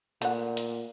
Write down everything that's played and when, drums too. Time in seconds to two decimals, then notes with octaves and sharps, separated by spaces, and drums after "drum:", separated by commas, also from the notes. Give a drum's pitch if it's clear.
0.22 A#2 A3 F#5, drum: hi-hat
0.57 drum: hi-hat